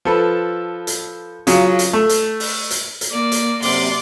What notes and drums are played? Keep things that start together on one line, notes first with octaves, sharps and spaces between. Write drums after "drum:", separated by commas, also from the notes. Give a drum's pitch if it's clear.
F3 A4 B4
drum: hi-hat
C#3 F#3 F4, drum: hi-hat
drum: hi-hat
A3
drum: hi-hat
drum: open hi-hat
drum: hi-hat
drum: hi-hat
A#3 D5
drum: hi-hat
F#2 C3 D5 C6, drum: open hi-hat